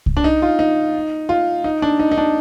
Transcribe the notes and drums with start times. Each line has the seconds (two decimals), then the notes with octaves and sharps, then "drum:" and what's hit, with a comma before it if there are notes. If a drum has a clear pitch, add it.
0.06 drum: kick C2
0.17 D4
0.24 D#4
0.42 F4
0.59 D#4
1.29 F4
1.64 D#4
1.82 D4
1.99 D#4
2.11 D#4
2.18 D4